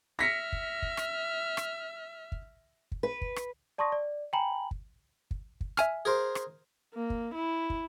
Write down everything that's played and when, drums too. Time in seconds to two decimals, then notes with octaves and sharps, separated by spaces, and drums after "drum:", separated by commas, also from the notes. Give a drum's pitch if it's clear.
0.19 E5 F6 A#6 B6 C#7
0.52 drum: kick
0.82 drum: kick
0.97 drum: rim click
1.57 drum: rim click
2.32 drum: kick
2.92 drum: kick
3.03 B4
3.21 drum: kick
3.36 drum: rim click
3.78 D5 A5 C6 C#6 D#6 A#6
3.92 D5
4.33 G5 G#5 A#5 B5 F#7
4.71 drum: kick
5.31 drum: kick
5.61 drum: kick
5.77 E5 G#5 F6, drum: rim click
6.05 G#4 A#4 C5
6.35 drum: rim click
6.94 A#3
7.10 drum: kick
7.35 E4
7.70 drum: kick